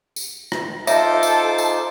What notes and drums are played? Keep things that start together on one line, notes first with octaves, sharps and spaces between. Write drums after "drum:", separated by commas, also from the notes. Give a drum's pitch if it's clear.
drum: tambourine
drum: rim click
D#4 F4 A4 C5 E5 D6, drum: tambourine
drum: tambourine
drum: tambourine